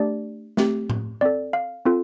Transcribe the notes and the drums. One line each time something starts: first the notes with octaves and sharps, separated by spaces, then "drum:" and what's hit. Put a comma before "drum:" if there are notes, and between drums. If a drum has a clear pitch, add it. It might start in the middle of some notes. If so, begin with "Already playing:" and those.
Already playing: A3 D4 G4 D5
A3 C4 G4, drum: snare
drum: tom A2
C4 A4 D5
F5
C4 F4 A4